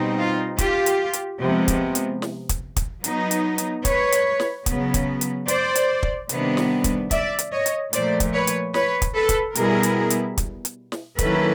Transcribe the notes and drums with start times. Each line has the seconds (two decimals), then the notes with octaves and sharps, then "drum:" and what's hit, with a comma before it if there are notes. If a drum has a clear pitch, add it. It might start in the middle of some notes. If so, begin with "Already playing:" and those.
Already playing: B2 G3 C4 D#4
0.19 F4
0.58 F4 G4, drum: kick, hi-hat
0.86 drum: hi-hat
1.13 drum: hi-hat
1.40 C3 F3 G#3 B3
1.68 drum: kick, hi-hat
1.95 drum: hi-hat
2.22 drum: snare
2.49 drum: kick, hi-hat
2.76 drum: kick, hi-hat
3.04 F#3 B3 D#4, drum: hi-hat
3.31 drum: hi-hat
3.58 drum: hi-hat
3.85 B4 C#5, drum: kick, hi-hat
4.12 drum: hi-hat
4.40 drum: snare
4.66 C#3 F#3 B3, drum: kick, hi-hat
4.94 drum: kick, hi-hat
5.21 drum: hi-hat
5.48 C5 D5, drum: hi-hat
5.75 drum: hi-hat
6.03 drum: kick
6.29 C3 D#3 G3 B3 D4, drum: hi-hat
6.57 drum: snare
6.84 drum: kick, hi-hat
7.11 D5 E5, drum: kick, hi-hat
7.39 drum: hi-hat
7.52 C#5 D#5
7.66 drum: hi-hat
7.93 A#2 F3 A3 C5 D5, drum: hi-hat
8.20 drum: kick, hi-hat
8.33 B4 C#5
8.47 drum: hi-hat
8.74 B4 C#5, drum: snare
9.02 drum: kick, hi-hat
9.15 A4 B4
9.29 drum: kick, hi-hat
9.55 B2 G3 B3 E4 G#4 A#4, drum: hi-hat
9.83 drum: hi-hat
10.10 drum: hi-hat
10.38 drum: kick, hi-hat
10.65 drum: hi-hat
10.92 drum: snare
11.19 D#3 F#3 A#3 C#4 E4 A4 B4, drum: kick, hi-hat